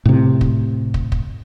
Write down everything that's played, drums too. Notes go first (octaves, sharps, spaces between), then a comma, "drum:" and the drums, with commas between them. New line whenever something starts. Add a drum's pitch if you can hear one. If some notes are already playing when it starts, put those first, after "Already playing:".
A2 C3
drum: kick
drum: kick
drum: kick